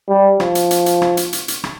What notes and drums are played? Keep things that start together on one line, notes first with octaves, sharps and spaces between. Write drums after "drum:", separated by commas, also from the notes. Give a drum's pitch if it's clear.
G3
F3, drum: rim click
drum: hi-hat
drum: hi-hat
drum: hi-hat
drum: rim click
drum: hi-hat
drum: hi-hat
drum: hi-hat
drum: rim click